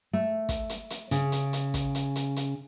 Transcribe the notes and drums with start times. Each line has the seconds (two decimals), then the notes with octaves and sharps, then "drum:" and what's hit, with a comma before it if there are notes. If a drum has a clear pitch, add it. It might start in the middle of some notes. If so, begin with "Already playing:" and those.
0.13 A3
0.49 drum: kick, hi-hat
0.70 drum: hi-hat
0.90 drum: hi-hat
1.11 C#3, drum: hi-hat
1.32 drum: hi-hat
1.53 drum: hi-hat
1.74 drum: kick, hi-hat
1.95 drum: hi-hat
2.16 drum: hi-hat
2.36 drum: hi-hat